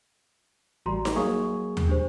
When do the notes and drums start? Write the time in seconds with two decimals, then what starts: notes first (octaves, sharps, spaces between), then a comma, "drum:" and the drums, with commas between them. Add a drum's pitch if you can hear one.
0.86 A1 G3 F#4 A#5 C6
1.05 drum: snare D#4
1.16 F#3 A#3 G#4 C#6
1.77 drum: tom D#2
1.88 D4 G4 C5